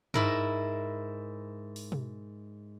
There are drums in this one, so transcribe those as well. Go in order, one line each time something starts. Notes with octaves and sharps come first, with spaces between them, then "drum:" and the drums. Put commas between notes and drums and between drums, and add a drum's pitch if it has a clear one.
G#2 E4 A#4, drum: tom G2
drum: open hi-hat
drum: tom B2